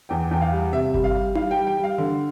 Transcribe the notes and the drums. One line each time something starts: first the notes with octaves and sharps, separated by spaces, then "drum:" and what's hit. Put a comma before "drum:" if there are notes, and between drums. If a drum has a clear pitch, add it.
E2 G5
E2 G5
F5
G3
C3 E5
G3, drum: kick G1
F5
G3
G3 F5, drum: tom D#4
G5
G3
G5
G3
F5
D3